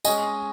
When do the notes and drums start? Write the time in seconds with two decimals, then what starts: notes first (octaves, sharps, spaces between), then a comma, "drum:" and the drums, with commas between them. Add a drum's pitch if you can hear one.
0.05 G#3 C#4 G#4 D#5 G#5, drum: tambourine